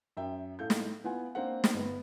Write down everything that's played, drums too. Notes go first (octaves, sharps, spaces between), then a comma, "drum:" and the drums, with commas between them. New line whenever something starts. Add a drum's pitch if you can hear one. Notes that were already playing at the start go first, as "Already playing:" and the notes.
F#2 E5 G5
A2 A4 F5 G6
drum: snare
B3 E4 F4 F#5 G#5
A#3 C4 D4 A#4 F5 F#5
drum: snare
G1 B3